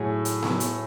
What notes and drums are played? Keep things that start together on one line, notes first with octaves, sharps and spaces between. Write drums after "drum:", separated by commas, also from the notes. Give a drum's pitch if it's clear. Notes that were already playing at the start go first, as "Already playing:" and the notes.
Already playing: A2 F#3 G#4
drum: hi-hat
drum: snare B3
drum: hi-hat